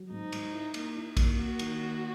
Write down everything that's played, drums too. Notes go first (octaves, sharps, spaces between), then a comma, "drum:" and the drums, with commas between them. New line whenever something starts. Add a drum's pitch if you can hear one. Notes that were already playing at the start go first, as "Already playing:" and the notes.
Already playing: F#3
G#2 D#4
G#2, drum: cymbal
E4
A#3, drum: cymbal
E4
A#3, drum: kick A#1, cymbal
A#3 F#4
D#3, drum: cymbal
A#3